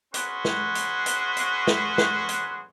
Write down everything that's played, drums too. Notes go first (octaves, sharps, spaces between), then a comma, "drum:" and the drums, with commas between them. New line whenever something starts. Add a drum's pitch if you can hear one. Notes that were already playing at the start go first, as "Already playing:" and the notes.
C#4 F#4 G#4 B4 C6, drum: hi-hat
drum: snare
drum: hi-hat
drum: hi-hat
drum: hi-hat
drum: snare
drum: snare
drum: hi-hat